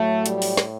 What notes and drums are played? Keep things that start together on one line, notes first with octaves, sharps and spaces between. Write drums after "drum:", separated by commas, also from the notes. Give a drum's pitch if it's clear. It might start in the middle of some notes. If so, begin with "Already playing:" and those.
Already playing: A2 F#3 A3
G3, drum: hi-hat
drum: open hi-hat
drum: snare